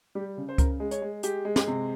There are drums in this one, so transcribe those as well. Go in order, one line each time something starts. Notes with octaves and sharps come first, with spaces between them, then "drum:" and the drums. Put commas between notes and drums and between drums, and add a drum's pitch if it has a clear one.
G3 G4
C#3
C5
C#3 A#4, drum: kick C#2, hi-hat
G#3
C#5, drum: hi-hat
G#3
G#3 G4, drum: hi-hat
G#3
drum: snare
C3